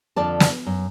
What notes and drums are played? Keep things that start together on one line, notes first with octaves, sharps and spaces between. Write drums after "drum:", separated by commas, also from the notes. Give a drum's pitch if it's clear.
F2 D3 F3 D5 A5
drum: snare
F#2